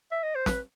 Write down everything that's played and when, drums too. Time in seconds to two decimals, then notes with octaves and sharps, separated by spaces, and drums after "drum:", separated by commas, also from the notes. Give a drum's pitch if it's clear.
0.12 E5
0.23 D#5
0.35 C5
0.46 B4, drum: snare